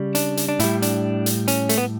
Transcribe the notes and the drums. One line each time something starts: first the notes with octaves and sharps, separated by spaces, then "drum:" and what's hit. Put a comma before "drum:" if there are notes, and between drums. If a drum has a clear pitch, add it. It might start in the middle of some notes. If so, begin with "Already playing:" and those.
Already playing: C#3 G3
D4, drum: hi-hat
drum: hi-hat
D4
A2 G3 E4, drum: hi-hat
D4, drum: hi-hat
drum: hi-hat
C#4, drum: hi-hat
A3, drum: hi-hat
B3